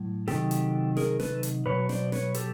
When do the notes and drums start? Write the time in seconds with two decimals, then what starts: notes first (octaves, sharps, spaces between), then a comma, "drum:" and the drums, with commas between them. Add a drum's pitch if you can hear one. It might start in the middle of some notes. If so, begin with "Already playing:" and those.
Already playing: A2 F#3
0.28 C3 D#3 F#3 G4 A4, drum: snare
0.51 drum: hi-hat
0.97 G#4 A#4, drum: snare
1.20 A4 B4, drum: snare
1.43 drum: hi-hat
1.66 B2 F#3 B4 C#5
1.89 C5 D5, drum: snare
2.12 B4 C#5, drum: snare
2.35 G4 A4, drum: hi-hat